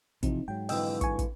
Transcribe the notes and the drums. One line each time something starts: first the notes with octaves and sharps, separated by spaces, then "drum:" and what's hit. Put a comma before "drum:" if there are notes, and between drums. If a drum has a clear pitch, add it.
C3 E3 F3 C4 D#4, drum: kick, hi-hat
G#2 F#3 G5
F2 D3 E3 D#5 G5 E6, drum: open hi-hat
G#5 C#6, drum: kick, hi-hat
drum: kick, hi-hat